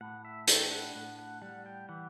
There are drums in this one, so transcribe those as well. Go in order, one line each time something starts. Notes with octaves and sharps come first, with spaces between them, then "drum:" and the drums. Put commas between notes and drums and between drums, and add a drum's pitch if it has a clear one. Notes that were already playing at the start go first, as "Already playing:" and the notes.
A2 F#5
E5
D4 G5, drum: hi-hat
F#5
A2 F#5
F#5
G3 F#5
G5
E3 F#5